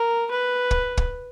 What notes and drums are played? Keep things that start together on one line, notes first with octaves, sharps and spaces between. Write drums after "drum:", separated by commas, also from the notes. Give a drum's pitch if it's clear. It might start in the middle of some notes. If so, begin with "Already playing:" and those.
Already playing: A#4
B4
drum: kick
drum: kick